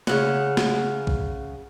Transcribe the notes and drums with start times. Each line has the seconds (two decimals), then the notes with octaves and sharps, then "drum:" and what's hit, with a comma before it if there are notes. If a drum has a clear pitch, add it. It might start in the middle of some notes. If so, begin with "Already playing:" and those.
0.07 C#3 F#5, drum: snare
0.57 drum: snare
1.07 drum: kick B1